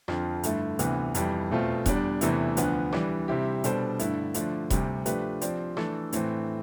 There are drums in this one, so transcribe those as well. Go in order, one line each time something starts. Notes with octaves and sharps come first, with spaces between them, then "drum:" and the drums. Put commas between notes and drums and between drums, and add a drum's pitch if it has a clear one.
F2 D3 F3, drum: rim click
G2 D3 A3 E4, drum: hi-hat
D2 C3 E3 B3, drum: hi-hat
F2 E3 G3, drum: hi-hat
E2 B2 A3 C4 F4
E2 D3 G3 D4, drum: kick E1, hi-hat
E2 C3 E3 A3 E4, drum: hi-hat
D2 D3 F3 B3, drum: hi-hat
E3 G3 D4, drum: rim click
C3 G3 C4 E4 G4
B2 G3 D4 A4 C5, drum: hi-hat
G2 D3 A3 E4, drum: hi-hat
D3 F3 A3 D4, drum: hi-hat
D2 C3 G3, drum: kick E1, hi-hat
F3 A3 D4 G4 B4, drum: hi-hat
F3 C4 G4 D5, drum: hi-hat
E3 A3 D4 A4, drum: rim click
A2 E3 A3 C4, drum: hi-hat